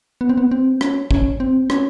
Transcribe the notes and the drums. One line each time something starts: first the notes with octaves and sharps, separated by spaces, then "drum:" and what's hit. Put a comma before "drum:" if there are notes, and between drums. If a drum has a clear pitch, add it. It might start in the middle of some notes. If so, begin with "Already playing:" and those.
B3
C4
B3
C4
C#4, drum: rim click
C#4, drum: kick
C4
C#4, drum: rim click